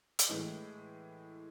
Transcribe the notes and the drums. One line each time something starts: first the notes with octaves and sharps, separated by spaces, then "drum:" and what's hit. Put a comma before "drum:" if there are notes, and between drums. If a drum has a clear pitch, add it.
drum: hi-hat
A2 E3 G#3